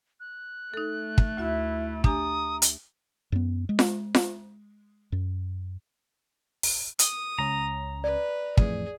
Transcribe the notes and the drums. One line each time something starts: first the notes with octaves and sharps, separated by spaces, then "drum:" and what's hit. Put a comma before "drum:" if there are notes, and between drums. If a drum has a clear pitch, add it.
F#6
A3 D#4 A4
drum: kick
D2 E4 F#4 E5
D4 G4 G#5 A#5 D#6, drum: kick
drum: hi-hat
F#2 B3
G#3
drum: snare F4
drum: snare F4
F#2
drum: open hi-hat
D#6, drum: hi-hat
C#2 C#4 A#5
B4 D5
F2 A2 E3 G#4, drum: kick